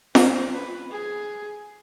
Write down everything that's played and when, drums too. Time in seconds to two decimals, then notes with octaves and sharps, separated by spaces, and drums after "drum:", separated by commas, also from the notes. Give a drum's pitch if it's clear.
0.15 C5, drum: snare
0.52 B4
0.91 G#4